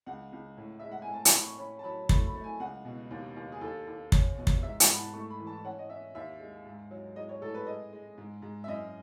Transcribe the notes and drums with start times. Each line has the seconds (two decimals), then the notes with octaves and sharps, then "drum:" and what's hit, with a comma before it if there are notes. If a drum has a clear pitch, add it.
0.06 C#2 F#5
0.32 C#2
0.57 A2
0.80 G#3 E5
0.92 F#5
1.02 G#5
1.08 A2
1.14 A5
1.25 B5, drum: hi-hat
1.34 A2
1.42 C#6
1.59 C#4 B5
1.79 A5
1.84 F#3 B5
2.09 A3 B5, drum: kick
2.27 B5
2.35 A3
2.44 G#5
2.60 C#2 F#5
2.85 B2
3.11 D#2
3.36 D#2
3.52 G#4
3.61 D#2 A4
3.87 D#2
4.12 C#4, drum: kick
4.38 B2
4.47 drum: kick
4.63 G#2 E5
4.80 F#5, drum: hi-hat
4.88 G#2 B5
4.96 A5
5.13 A3 C#6
5.30 B5
5.39 E3
5.47 A5
5.65 C#4 F#5
5.79 D#5
5.89 C#4 E5
6.15 D#2 E5
6.40 G#3
6.66 G#2
6.91 F#3
7.16 G#3 D#5
7.29 C#5
7.42 A2 A4
7.54 B4
7.67 G#3 D#5
7.93 G#3
8.18 G#2
8.42 G#2
8.64 E5
8.68 F#2 D#5